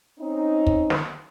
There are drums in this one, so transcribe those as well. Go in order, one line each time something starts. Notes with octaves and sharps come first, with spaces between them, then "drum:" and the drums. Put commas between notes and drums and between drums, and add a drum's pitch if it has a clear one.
C4 C#4 D#4
drum: kick
drum: snare